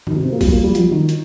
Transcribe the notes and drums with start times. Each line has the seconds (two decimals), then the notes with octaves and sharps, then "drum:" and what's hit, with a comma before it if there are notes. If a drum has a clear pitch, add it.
0.07 D#3, drum: tom
0.16 C3
0.24 C4
0.32 A#3
0.41 G3, drum: kick, open hi-hat
0.52 A#3
0.64 G3
0.75 F3, drum: hi-hat
0.91 D#3
1.09 drum: hi-hat